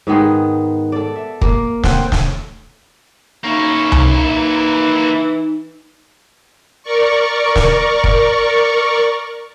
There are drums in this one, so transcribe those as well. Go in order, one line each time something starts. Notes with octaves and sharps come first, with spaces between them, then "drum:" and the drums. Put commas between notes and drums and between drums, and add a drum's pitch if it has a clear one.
G#2 D#3 B3 G#4
A4 D5
E5
A#3, drum: kick
C4 F#5 G5, drum: snare
drum: snare
A#3 C#4 D#4 E4
drum: tom C2
E3
A#4 D5 C#6
drum: snare
drum: kick